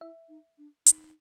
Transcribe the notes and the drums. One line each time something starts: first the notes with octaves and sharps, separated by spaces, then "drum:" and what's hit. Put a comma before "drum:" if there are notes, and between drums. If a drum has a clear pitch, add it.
E4 E5
D#4
D4
D#4, drum: hi-hat